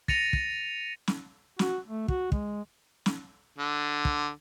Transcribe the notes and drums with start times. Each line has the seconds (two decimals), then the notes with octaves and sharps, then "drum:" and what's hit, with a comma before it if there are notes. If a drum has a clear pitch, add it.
0.08 A6 A#6 C#7 D#7 F7, drum: kick
0.33 drum: kick
1.07 drum: snare
1.59 F#4, drum: snare
1.88 A3
2.08 F#4, drum: kick
2.32 G#3, drum: kick
3.06 drum: snare
3.59 D3
4.05 drum: kick